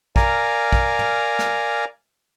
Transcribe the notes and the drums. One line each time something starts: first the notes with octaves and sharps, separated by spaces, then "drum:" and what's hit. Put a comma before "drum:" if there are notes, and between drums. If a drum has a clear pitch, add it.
A#4 D5 F5 G#5 A#5, drum: kick
drum: kick
drum: tom
drum: snare